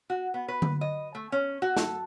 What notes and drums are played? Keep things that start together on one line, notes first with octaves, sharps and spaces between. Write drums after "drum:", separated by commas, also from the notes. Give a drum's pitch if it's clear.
F#4
B3
B4
drum: tom D3
D#5
A3
C#4
F#4
A4, drum: snare